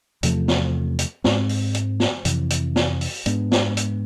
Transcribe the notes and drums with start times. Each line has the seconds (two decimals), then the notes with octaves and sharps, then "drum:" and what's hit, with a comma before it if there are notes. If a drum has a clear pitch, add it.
0.23 E2 C3 F3 A3, drum: hi-hat
0.48 drum: snare
0.99 drum: hi-hat
1.24 G#2 G#3 C4, drum: snare
1.49 drum: open hi-hat
1.75 drum: hi-hat
2.00 drum: snare
2.25 F2 C3 E3, drum: hi-hat
2.50 drum: hi-hat
2.76 drum: snare
3.01 drum: open hi-hat
3.26 G#2 G#3 B3 D4, drum: hi-hat
3.52 drum: snare
3.77 drum: hi-hat